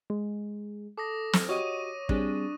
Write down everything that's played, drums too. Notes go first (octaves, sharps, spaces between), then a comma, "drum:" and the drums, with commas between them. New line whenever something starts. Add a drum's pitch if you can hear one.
G#3
A4 D6 D#6 A#6
drum: snare
F#4 G4 C#5 D#5 C#6 D#6 D#7
G3 C4 D4 G#4, drum: kick